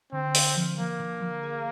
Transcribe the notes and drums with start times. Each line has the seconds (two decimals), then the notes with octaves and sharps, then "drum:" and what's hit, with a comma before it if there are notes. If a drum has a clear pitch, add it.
0.12 D3 C4
0.35 D3, drum: open hi-hat
0.56 F3
0.78 F3 A#3
0.99 D3
1.21 F3
1.43 G#4